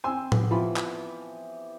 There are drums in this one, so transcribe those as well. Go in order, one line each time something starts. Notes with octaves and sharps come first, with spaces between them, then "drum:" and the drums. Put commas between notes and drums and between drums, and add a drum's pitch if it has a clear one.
C4 G#5 C6 E6
B3 G4, drum: tom A2
E3 F3 F4 B5
drum: clap